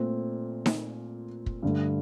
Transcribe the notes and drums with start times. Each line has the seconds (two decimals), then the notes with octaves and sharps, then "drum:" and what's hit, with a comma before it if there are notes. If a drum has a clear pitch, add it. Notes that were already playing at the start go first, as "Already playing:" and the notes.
Already playing: A#2 A3 C4
0.66 drum: snare D#4
1.46 drum: kick
1.63 G2 D3 A3